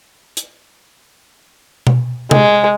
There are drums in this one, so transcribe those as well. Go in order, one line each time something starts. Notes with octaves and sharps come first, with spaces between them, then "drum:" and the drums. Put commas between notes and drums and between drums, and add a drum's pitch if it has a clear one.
drum: hi-hat
drum: tom B2
G#3, drum: tom C3